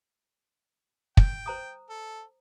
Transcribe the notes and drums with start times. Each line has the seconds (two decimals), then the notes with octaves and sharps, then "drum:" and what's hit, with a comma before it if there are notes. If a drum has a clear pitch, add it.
1.17 G5, drum: kick
1.46 C5 A#5 D#6
1.89 A4